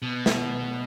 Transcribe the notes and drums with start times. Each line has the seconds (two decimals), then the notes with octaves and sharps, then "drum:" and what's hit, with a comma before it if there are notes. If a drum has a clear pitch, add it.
0.02 B2
0.26 drum: snare